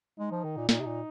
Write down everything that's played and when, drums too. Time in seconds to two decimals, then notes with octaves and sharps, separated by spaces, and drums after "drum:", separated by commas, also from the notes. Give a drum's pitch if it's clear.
0.18 G#3 D#4
0.31 F3
0.44 D#3
0.57 A#2
0.69 A#2 D#4, drum: snare
0.80 C3
0.86 A#2